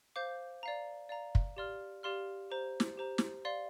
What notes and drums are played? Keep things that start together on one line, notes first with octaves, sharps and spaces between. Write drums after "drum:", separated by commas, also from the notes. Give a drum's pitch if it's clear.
C5 F5 D6 G6
D5 F5 A#5
D5 F5 A#5
drum: kick
G4 D5 F5 C6 F6
G4 D5 F5 C6 F6
G4 C5 A#5
drum: snare
G4 C5 A#5
drum: snare
D5 F5 C6